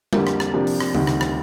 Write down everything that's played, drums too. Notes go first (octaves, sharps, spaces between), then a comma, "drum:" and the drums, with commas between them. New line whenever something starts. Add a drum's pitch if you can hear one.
F2 D3 G3 A#3, drum: tom G3
drum: rim click
drum: rim click
C3 F3 A#3 D4 G4
drum: open hi-hat
drum: rim click
D2 C3 D#3 G3, drum: tom C#3
drum: rim click
drum: rim click